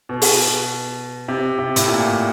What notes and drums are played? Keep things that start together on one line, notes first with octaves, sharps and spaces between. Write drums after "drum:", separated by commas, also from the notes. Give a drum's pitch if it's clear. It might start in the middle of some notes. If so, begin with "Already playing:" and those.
B2
drum: open hi-hat
C3
C3
A2, drum: hi-hat
A#2